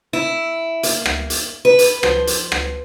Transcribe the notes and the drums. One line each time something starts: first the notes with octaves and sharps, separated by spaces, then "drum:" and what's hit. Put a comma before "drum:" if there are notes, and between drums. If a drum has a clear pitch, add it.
E4
A#3, drum: hi-hat
drum: rim click
drum: hi-hat
B4
drum: hi-hat
F3, drum: rim click
drum: hi-hat
drum: rim click